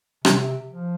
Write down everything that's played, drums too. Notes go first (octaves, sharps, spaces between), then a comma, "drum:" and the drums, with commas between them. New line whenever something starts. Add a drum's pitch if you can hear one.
C3, drum: rim click
F3